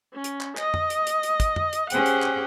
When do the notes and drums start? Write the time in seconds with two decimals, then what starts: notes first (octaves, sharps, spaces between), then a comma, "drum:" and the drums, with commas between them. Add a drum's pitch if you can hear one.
0.14 C#4
0.24 drum: hi-hat
0.41 drum: clap
0.57 D#5, drum: clap
0.74 drum: tom F2
0.90 drum: hi-hat
1.07 drum: hi-hat
1.23 drum: hi-hat
1.40 drum: kick, hi-hat
1.56 drum: tom F2
1.73 drum: hi-hat
1.90 C#4 G4 G#4 C5 F#5 G5, drum: hi-hat
2.06 drum: hi-hat
2.22 drum: clap